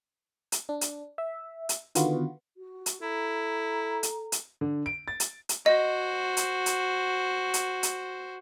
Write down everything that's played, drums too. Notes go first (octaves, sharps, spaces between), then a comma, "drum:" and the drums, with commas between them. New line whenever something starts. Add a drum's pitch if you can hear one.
drum: hi-hat
D4
drum: hi-hat
E5
drum: hi-hat
D3 D#3 B3 F4 F#4, drum: hi-hat
F#4
drum: hi-hat
E4 A4 A#5
drum: hi-hat
drum: hi-hat
D3
D7
A6
drum: hi-hat
drum: hi-hat
F#4 C5 D#5
drum: hi-hat
drum: hi-hat
drum: hi-hat
drum: hi-hat